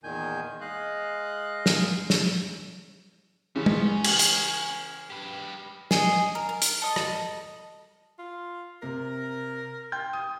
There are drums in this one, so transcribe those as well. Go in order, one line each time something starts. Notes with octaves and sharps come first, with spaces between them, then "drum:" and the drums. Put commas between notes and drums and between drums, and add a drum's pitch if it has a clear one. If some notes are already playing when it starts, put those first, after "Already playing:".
E2 A#2 D#3 G#5 G6
G#3 D#5 F5 F#6
drum: snare
drum: snare
C#3 E3 F3 B3
drum: tom
C#4
drum: cymbal
drum: hi-hat
G4 B4
G#4 D#5, drum: snare
A#4
A#4
drum: hi-hat
A4 D#5
drum: rim click
F4
C3 A#4
G5 C6 G6
D#6